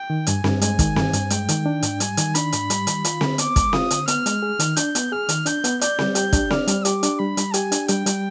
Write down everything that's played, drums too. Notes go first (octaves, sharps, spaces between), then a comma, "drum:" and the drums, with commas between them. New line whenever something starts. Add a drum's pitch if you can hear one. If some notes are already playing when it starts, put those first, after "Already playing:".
Already playing: G5
D#3
G2 G#5, drum: hi-hat
G2, drum: snare C4
G#3 G#5, drum: hi-hat
D#3, drum: kick, hi-hat
G2, drum: snare C4
G2, drum: hi-hat
G#3 G5, drum: hi-hat
D#3, drum: hi-hat
D4
G#2, drum: hi-hat
G3 G#5, drum: hi-hat
D#3, drum: hi-hat
D4 B5, drum: hi-hat
G#2, drum: hi-hat
G3, drum: hi-hat
D#3, drum: hi-hat
F4, drum: hi-hat
D3, drum: snare C4
B3 D6, drum: hi-hat
G#3, drum: kick, hi-hat
F4 D#6, drum: snare C4
D3, drum: hi-hat
B3 F6, drum: hi-hat
G#3, drum: hi-hat
G#4
D#3, drum: hi-hat
D4 G6, drum: hi-hat
B3, drum: hi-hat
G#4 F6
D#3, drum: hi-hat
D4 G6, drum: hi-hat
B3, drum: hi-hat
D5 G6, drum: hi-hat
G3, drum: snare C4
G4 G6, drum: hi-hat
D4, drum: kick, hi-hat
D5 F6, drum: snare C4
G3, drum: hi-hat
G4 D6, drum: hi-hat
D4, drum: hi-hat
G3 B5
G3, drum: hi-hat
G4 G#5, drum: hi-hat
D4, drum: hi-hat
G3 G5, drum: hi-hat
G3, drum: hi-hat